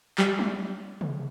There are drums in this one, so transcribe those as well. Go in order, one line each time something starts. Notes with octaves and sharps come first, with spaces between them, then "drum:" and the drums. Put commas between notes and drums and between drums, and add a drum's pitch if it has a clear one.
G3, drum: clap
drum: tom
drum: tom C3